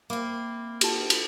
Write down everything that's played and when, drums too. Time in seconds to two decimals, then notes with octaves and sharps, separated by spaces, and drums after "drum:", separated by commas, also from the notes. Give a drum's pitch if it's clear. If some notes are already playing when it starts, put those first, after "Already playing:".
0.10 A#3 C4 E5 B5 D6
0.81 F4 G4 A5, drum: cymbal
1.10 drum: cymbal